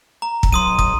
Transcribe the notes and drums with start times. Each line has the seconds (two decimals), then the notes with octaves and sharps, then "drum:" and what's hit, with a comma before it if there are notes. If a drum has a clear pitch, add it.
0.22 A#5
0.43 drum: kick
0.53 B1 C6 D#6 D#7
0.79 D#6, drum: kick